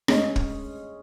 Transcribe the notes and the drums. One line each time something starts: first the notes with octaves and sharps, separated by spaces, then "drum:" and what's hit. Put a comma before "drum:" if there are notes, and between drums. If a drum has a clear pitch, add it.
G#3 C#4 G#4 D#5, drum: rim click
drum: kick